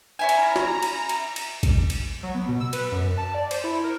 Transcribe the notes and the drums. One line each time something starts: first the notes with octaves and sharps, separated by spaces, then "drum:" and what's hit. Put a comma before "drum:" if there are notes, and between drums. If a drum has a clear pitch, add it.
C#4 E4 G#5 A#5
drum: cymbal
drum: snare
drum: cymbal
drum: cymbal
drum: cymbal
drum: kick, cymbal
drum: cymbal
F#3
B3
B2
E6
B4, drum: cymbal
F#2
A5
D5
C5, drum: cymbal
E4
A#4